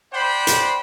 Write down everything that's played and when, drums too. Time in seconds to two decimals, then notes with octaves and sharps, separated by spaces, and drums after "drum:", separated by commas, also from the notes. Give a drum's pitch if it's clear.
0.14 C5 D5 F#5 G5 B5
0.47 drum: hi-hat